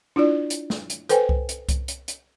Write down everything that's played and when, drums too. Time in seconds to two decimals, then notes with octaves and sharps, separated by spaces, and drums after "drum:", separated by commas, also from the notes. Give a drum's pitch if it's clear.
0.16 D4 E4 F4 D5
0.50 drum: hi-hat
0.70 drum: snare
0.90 drum: hi-hat
1.09 A4 B4 C5 G5 G#5, drum: hi-hat
1.29 drum: kick C2
1.49 drum: hi-hat
1.69 drum: kick C2, hi-hat
1.88 drum: hi-hat
2.08 drum: hi-hat